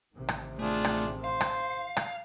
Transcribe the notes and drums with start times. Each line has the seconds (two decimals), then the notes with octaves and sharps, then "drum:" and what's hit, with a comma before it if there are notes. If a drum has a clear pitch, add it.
0.14 A1 C3 D#3
0.28 drum: rim click
0.59 A3 D4 F4 G#4
0.85 drum: rim click
1.24 C5 F5
1.41 drum: rim click
1.97 drum: rim click